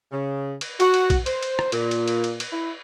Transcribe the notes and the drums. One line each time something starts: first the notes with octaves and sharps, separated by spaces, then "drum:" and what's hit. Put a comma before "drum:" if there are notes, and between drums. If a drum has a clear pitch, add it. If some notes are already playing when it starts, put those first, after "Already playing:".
C#3
drum: cymbal
F#4, drum: cymbal
drum: cymbal
drum: kick, cymbal
C5, drum: cymbal
drum: cymbal
drum: rim click
A#2, drum: cymbal
drum: cymbal
drum: cymbal
drum: cymbal
drum: cymbal
E4